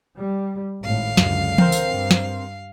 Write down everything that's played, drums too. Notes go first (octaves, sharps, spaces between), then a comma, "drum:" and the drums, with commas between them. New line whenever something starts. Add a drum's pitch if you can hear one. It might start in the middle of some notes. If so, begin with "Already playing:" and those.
G3
G#1 A2 F5
C#2 F#2 D3, drum: snare
C4 A#4 C5, drum: tom E3
drum: tambourine
G2
drum: snare